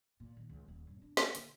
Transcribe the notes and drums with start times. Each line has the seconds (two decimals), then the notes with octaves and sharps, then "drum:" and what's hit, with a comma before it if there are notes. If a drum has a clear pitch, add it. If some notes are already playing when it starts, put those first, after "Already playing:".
0.20 A#2
0.37 D#3
0.49 C#2
0.68 D#1
0.87 G2
1.02 D4
1.17 A#3, drum: snare
1.35 D3, drum: hi-hat